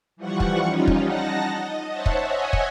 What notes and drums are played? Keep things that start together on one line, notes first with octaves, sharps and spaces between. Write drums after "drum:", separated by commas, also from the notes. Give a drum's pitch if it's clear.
E3 F3 G3 F#5 C#6
drum: kick
G3 C#4 D#4 F4
drum: kick
D#4 F#5 A5 A#6
D#5
C5 C#5 E5 F#5 A5
drum: kick
C#5 D#5 E5 F#5 G#5
drum: kick